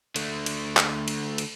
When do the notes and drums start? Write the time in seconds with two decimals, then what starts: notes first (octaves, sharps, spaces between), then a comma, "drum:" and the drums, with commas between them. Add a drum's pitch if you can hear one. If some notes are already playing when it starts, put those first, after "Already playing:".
0.16 D3 A3, drum: cymbal
0.46 drum: cymbal
0.77 drum: clap
1.08 drum: cymbal
1.38 drum: cymbal